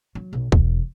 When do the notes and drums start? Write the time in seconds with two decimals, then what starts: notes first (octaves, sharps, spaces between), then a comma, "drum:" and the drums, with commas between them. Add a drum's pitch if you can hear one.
0.15 F#3
0.33 B1
0.52 E1, drum: kick